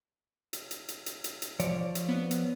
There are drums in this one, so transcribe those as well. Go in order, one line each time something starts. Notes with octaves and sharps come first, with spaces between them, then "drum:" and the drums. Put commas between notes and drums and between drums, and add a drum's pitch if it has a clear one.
drum: hi-hat
drum: hi-hat
drum: hi-hat
drum: hi-hat
drum: hi-hat
drum: hi-hat
F3 C#5 D5, drum: hi-hat
drum: hi-hat
B3
drum: hi-hat